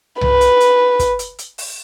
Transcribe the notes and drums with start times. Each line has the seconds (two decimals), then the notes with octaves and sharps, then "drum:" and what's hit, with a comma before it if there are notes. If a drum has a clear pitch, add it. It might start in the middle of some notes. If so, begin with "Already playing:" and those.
0.21 B4, drum: tom C2
0.41 drum: hi-hat
0.60 drum: hi-hat
0.99 drum: kick, hi-hat
1.19 drum: hi-hat
1.38 drum: hi-hat
1.58 drum: open hi-hat